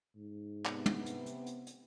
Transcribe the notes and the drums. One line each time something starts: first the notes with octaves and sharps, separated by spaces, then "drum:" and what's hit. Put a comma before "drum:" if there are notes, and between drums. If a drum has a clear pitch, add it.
G#2
C3 B3, drum: clap
drum: tom
drum: hi-hat
drum: hi-hat
drum: hi-hat
drum: hi-hat